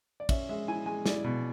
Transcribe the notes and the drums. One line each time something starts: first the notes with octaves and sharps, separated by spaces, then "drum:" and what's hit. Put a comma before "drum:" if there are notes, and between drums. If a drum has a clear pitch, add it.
D5
C#4 E5, drum: kick, cymbal
G#3 E5
E4 G#5
G#3 G#5
E4 D5, drum: snare
B2